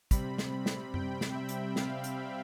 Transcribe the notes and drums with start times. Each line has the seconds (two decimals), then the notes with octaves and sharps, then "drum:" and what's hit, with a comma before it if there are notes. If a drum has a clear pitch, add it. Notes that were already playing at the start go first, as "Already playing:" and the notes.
0.11 C3 G3 C4 B5, drum: kick, hi-hat
0.38 drum: snare
0.66 drum: snare
0.94 G5, drum: tom F#2
1.21 drum: snare
1.35 E5
1.49 drum: hi-hat
1.76 F5, drum: snare
2.04 drum: hi-hat